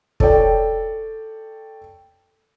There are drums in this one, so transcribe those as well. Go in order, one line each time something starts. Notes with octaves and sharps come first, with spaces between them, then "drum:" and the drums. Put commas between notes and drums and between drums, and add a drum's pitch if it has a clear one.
A4 C#5 D5 G5, drum: kick